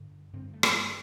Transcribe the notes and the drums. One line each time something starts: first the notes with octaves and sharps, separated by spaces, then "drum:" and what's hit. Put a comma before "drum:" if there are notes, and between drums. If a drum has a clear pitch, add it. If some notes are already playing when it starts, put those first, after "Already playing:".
Already playing: G2 D3
G2 D3 C4
A3
drum: rim click
G3